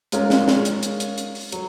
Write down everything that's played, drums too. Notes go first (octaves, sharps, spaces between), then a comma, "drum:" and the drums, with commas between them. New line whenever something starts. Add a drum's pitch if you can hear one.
G#3 C#4 F4 A#4, drum: hi-hat
drum: snare
drum: snare
drum: hi-hat
drum: hi-hat
drum: hi-hat
drum: hi-hat
drum: open hi-hat
F#3, drum: hi-hat